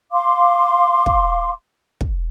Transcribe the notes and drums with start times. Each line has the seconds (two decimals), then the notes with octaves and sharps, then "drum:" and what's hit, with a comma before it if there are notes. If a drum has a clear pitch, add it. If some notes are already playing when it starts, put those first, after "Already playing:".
0.12 F5 C6 D6
1.06 drum: kick
2.01 drum: kick